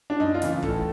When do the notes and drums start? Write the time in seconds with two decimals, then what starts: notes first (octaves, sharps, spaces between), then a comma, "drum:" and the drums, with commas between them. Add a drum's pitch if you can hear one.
0.10 D4
0.20 F#2 D#4
0.34 F4
0.42 C#3 E3, drum: snare
0.62 A2 A4, drum: kick